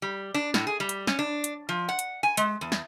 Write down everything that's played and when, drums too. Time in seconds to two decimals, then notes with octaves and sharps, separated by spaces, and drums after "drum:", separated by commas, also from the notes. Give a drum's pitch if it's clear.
0.02 G3
0.34 D4
0.54 A2, drum: snare
0.67 G#4
0.80 G3
0.89 drum: hi-hat
1.07 C#4, drum: snare
1.19 D4
1.44 drum: hi-hat
1.69 F3
1.89 F#5
1.99 drum: hi-hat
2.23 G#5
2.37 G#3, drum: hi-hat
2.61 E2
2.72 drum: snare